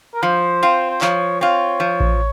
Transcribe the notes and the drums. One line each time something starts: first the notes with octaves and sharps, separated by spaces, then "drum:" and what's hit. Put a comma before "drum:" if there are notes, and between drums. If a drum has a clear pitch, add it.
A#4
F3 C5
C4 F4
C5
F3 C#5, drum: clap
C4 F4 C#5
F3
drum: kick A1